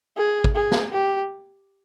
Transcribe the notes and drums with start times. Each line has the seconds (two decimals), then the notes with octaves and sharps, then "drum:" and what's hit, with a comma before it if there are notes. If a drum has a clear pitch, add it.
0.17 G#4
0.44 drum: kick G#1
0.55 G#4
0.71 drum: snare
0.92 G4